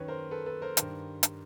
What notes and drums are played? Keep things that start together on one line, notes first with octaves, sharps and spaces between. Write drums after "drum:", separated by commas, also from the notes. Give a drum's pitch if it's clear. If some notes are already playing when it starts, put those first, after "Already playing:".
Already playing: F#2 D#3 B4 C#5
A#4 C5
A4 B4
A4 B4
A#4 C5
G2 D#3, drum: hi-hat
drum: hi-hat